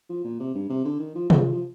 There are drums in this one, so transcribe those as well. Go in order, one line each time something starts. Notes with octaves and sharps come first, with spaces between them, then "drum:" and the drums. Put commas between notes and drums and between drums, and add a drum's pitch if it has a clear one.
F3
A#2
C3
G2
C3
D3
D#3
F3
F3, drum: tom C3
F3